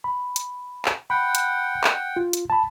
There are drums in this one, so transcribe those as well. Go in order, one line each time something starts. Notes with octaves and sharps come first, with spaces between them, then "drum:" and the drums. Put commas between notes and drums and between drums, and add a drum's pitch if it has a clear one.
B5
drum: hi-hat
drum: clap
F#5 G5 B5
drum: hi-hat
drum: clap
F4
drum: hi-hat
A5 B5